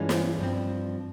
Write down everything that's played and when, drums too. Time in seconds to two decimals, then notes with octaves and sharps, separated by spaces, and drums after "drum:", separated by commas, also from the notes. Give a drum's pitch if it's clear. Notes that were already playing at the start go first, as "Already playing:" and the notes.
Already playing: G2 E3 G#3 C#4 F4
0.09 drum: snare
0.39 G2 F3 C4